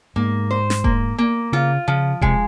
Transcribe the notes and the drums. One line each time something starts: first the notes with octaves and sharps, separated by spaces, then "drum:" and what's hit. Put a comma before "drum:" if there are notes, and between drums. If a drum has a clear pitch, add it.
G#2 A#3
C5
drum: snare
A#3, drum: kick E1
A#3
C#3 F4
C#3 F3
C3 G#3, drum: kick E1